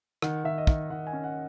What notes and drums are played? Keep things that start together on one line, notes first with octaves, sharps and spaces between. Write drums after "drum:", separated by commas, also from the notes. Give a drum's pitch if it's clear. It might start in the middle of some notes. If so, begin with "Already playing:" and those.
D#3 F#5, drum: rim click
D#3 E5
D#5
D#3 E5, drum: kick
D#3 F#5
G#5
C#4
F#5